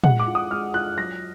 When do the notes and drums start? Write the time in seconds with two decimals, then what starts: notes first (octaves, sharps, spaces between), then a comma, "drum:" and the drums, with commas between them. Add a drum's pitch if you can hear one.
0.04 G#3 F#5, drum: tom
0.19 D6
0.27 F4
0.35 D#6
0.51 G#3 F6
0.74 F4 F#6
0.98 F#3 A#6